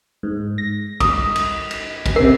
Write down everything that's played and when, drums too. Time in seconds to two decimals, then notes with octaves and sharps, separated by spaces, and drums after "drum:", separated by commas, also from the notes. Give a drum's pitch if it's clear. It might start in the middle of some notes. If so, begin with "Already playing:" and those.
0.23 G#2
0.58 A#6
1.00 D#6, drum: kick, cymbal
1.36 drum: cymbal
1.71 drum: cymbal
2.06 drum: kick, cymbal
2.16 C3 A#4 C7